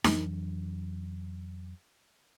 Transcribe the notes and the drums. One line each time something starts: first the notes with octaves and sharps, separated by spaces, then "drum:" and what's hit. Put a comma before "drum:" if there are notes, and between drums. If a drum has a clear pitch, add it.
F2 E3 F#3 D4, drum: snare D#4